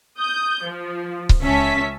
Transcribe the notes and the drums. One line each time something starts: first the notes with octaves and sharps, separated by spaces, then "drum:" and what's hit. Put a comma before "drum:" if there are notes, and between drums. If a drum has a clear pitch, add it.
D#6 G6
F3
drum: kick C#1
C#2 C#4 E5 A5 B6